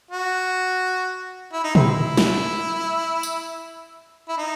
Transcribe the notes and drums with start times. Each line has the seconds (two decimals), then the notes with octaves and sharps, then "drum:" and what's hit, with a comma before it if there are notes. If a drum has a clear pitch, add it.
0.11 F#4
1.53 E4
1.64 D#4
1.75 C4 E4, drum: tom
2.17 drum: snare
3.23 drum: tambourine
4.28 E4
4.37 D#4